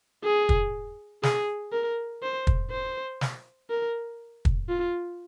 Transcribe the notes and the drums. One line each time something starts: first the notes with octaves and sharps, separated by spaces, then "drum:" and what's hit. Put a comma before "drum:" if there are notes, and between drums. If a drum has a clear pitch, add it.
G#4
drum: kick
G#4, drum: snare
A#4
C5
drum: kick
C5
drum: snare
A#4
drum: kick
F4